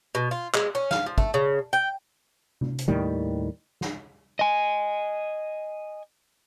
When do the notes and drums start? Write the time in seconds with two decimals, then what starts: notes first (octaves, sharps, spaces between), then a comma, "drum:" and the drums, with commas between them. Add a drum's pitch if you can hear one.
0.15 B2
0.31 F4
0.54 G#3, drum: clap
0.75 C#4
0.91 F5, drum: snare
1.06 F3
1.18 A3, drum: kick
1.34 C#3
1.73 G5
2.61 drum: tom C3
2.79 drum: hi-hat
2.88 D#2 A2 D#3 G3
3.81 drum: snare
4.39 D#5 G#5